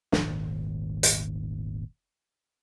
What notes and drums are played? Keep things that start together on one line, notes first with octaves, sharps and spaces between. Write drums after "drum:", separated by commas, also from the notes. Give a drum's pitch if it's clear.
D#1 G#1, drum: snare
drum: hi-hat